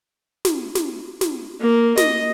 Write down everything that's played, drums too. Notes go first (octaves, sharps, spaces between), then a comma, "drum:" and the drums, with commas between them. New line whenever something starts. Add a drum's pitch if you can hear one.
drum: snare
drum: snare
drum: snare
A#3
D#5, drum: snare